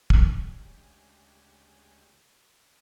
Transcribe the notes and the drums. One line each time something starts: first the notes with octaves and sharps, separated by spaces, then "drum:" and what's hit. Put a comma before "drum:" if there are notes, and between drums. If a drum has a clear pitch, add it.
D2 C#3 G#3 G4, drum: kick